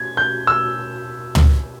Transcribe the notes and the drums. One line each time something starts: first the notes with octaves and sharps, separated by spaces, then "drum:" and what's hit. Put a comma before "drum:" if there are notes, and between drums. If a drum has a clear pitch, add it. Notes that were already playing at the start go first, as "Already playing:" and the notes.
Already playing: G#6
G6
E6
drum: tom